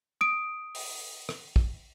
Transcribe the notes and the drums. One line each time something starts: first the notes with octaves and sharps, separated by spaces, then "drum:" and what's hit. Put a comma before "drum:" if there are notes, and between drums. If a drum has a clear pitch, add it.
D#6 D7
drum: open hi-hat
drum: rim click
drum: kick